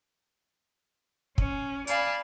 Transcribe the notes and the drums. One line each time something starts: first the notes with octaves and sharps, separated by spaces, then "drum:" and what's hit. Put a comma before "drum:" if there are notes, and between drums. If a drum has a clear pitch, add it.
C#4, drum: kick
D5 F5 G#5 A5 B5, drum: hi-hat